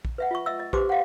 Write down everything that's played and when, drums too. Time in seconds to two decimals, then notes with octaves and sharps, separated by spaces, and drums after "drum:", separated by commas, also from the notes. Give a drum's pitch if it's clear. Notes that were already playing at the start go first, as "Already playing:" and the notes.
0.05 drum: kick A#1
0.18 B4 E5 F#5
0.31 F4 E5 C#6
0.46 D#5 E5 E6
0.60 D#5
0.73 G4 B4 C5 C6 D6, drum: kick A#1
0.89 F5 F#5